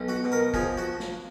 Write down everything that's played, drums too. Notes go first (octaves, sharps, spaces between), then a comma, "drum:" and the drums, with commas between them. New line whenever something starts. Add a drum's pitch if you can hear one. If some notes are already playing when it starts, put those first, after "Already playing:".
Already playing: B1
F#4
B2
A#4
F3 G#4, drum: kick
F#4
drum: snare